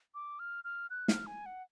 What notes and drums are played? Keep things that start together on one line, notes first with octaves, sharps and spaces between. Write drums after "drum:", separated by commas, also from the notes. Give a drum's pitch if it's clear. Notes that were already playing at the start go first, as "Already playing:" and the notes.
D6
F6
F6
F#6
F6, drum: snare
G#5
F#5